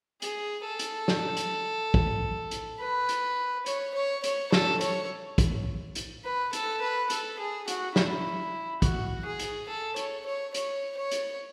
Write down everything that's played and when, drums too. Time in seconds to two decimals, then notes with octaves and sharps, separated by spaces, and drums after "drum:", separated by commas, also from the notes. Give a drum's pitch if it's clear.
0.22 G#4, drum: hi-hat
0.65 A4
0.79 drum: hi-hat
1.08 drum: snare
1.37 drum: hi-hat
1.94 drum: kick
2.51 drum: hi-hat
2.80 B4
3.09 drum: hi-hat
3.66 C#5, drum: hi-hat
3.94 C#5
4.24 C#5, drum: hi-hat
4.52 A4, drum: snare
4.81 C#5, drum: hi-hat
5.38 drum: kick, hi-hat
5.95 drum: hi-hat
6.24 B4
6.53 A4, drum: hi-hat
6.81 B4
7.10 A4, drum: hi-hat
7.39 G#4
7.68 F#4, drum: hi-hat
7.96 E4, drum: snare
8.82 F#4, drum: kick, hi-hat
9.25 G#4
9.39 drum: hi-hat
9.68 A4
9.96 C#5, drum: hi-hat
10.26 C#5
10.54 C#5, drum: hi-hat
10.97 C#5
11.11 drum: hi-hat